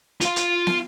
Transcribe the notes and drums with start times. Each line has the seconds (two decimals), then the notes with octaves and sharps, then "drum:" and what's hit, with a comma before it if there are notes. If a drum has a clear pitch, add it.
0.21 F4 F5, drum: hi-hat
0.36 drum: hi-hat
0.67 drum: snare